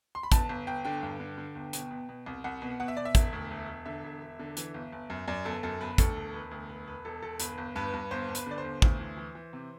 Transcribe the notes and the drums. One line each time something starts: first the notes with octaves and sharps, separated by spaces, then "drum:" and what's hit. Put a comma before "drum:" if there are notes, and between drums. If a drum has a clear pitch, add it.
C6
B5
G1 A5, drum: kick, hi-hat
G1
G1 G5
D3 G5
G2
D3
D3
G1
B2, drum: hi-hat
B2
B2
C2
C2 F#5
B2
B2 F#5
E5
B2 D5
E5
E1, drum: kick, hi-hat
D2
E1
E1
D3 E5
E1
E1
D3
E3, drum: hi-hat
G1
G1
F#2
F#2 D5
G1 A4
F#2 A4
G1 B4
D2 A4, drum: kick, hi-hat
E1
E1 B4
D2
E1 B4
E1 B4
E1 A4
E1 A4
G1 B4, drum: hi-hat
G1
G2 B4
G2
G1 C5
G1
B4, drum: hi-hat
D3 D5
C5
G1
D2, drum: kick
E3
E3
E3
C3